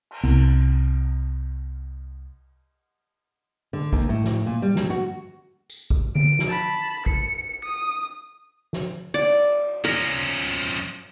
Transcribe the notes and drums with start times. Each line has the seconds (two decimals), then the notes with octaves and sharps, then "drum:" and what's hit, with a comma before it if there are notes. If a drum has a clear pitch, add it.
0.11 drum: cymbal
0.23 C2 B3
3.73 D3
3.93 D#2, drum: kick A1
4.09 A2
4.24 drum: snare
4.46 A#2
4.62 G3
4.76 drum: snare
4.90 F#4
5.70 drum: tambourine
5.90 drum: kick A1
6.15 D7, drum: tom D3
6.39 drum: snare
6.48 A5 B5
7.06 C#7, drum: kick A1
7.64 D#6
8.73 drum: snare
9.14 D5, drum: cymbal
9.84 F3 C#4 A#4